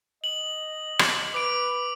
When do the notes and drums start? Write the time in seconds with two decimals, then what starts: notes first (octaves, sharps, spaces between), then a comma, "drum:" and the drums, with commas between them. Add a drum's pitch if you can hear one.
0.24 D#5 F#7
0.99 drum: rim click
1.34 B4 D6 D7